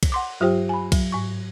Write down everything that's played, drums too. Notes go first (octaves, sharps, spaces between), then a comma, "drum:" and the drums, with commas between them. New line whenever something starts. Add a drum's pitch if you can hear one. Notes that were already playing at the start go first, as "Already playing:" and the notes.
drum: kick B1, cymbal
F#5 C6 D6
G2 F#3 F4 G4 C5 G5
G#5 B5
F#3, drum: kick B1, cymbal
G#2 C#6